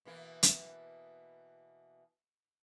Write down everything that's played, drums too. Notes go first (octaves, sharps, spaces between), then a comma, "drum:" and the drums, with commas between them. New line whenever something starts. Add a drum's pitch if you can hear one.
B2 E3 A#3
drum: hi-hat